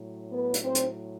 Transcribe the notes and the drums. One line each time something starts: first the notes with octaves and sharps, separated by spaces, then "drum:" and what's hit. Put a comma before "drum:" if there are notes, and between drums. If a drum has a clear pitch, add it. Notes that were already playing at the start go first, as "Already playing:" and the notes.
Already playing: A2 F#3
B3 B4
drum: hi-hat
C4 C5
drum: hi-hat